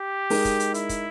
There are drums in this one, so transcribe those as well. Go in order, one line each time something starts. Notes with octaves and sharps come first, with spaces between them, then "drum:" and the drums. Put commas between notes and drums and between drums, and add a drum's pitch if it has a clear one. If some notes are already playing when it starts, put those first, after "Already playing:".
Already playing: G4
G#3 D#4 A#4, drum: open hi-hat
drum: kick, hi-hat
drum: hi-hat
E4, drum: hi-hat
drum: kick, hi-hat